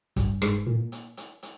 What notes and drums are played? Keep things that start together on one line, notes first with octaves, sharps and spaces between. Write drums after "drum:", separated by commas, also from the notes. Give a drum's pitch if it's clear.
G2, drum: kick, hi-hat
G#2, drum: rim click
A#2
drum: hi-hat
drum: hi-hat
drum: hi-hat